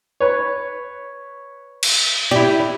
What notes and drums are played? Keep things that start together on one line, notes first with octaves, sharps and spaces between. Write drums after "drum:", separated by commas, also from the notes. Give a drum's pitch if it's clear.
B4 C#5
drum: cymbal
E4 G4 D5